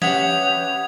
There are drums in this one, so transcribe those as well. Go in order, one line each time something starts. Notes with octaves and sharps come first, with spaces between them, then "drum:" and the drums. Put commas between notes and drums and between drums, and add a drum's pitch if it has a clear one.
C#4 G4 B4 E5 F#5 D#6 G#6 F7, drum: snare